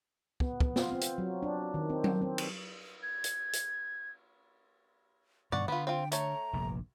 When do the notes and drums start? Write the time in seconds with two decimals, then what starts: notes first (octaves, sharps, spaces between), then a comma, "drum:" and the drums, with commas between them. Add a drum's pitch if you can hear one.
0.40 B3, drum: kick
0.60 B3, drum: kick
0.76 F4, drum: snare
0.92 C4
1.01 drum: hi-hat
1.18 F#3
1.43 D4
1.74 D#3
1.90 C4
2.04 drum: tom F#3
2.22 C4
2.38 drum: cymbal
3.03 G#6
3.24 drum: hi-hat
3.53 drum: hi-hat
5.52 G2 B2 D#3 D5 F#5 C#6
5.68 D3 B3 F4 B5
5.87 C4 F4 G5
6.12 A3 C#5 A#5, drum: hi-hat
6.53 F1 A#1 G2